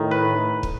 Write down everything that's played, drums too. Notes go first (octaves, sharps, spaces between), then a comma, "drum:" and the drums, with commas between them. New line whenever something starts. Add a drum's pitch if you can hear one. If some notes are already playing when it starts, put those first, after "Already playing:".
Already playing: A2 D#3
B4
drum: kick